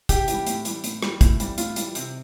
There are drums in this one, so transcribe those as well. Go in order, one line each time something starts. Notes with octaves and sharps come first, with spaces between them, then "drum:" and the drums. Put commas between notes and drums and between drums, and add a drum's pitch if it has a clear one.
C3 G4, drum: kick, hi-hat
E3 G3, drum: hi-hat
A2, drum: hi-hat
E3 G3, drum: hi-hat
A2, drum: hi-hat
E3 G3, drum: rim click
A2, drum: kick, hi-hat
E3 G3, drum: hi-hat
A2 F4, drum: hi-hat
E3 G3, drum: hi-hat
C3, drum: hi-hat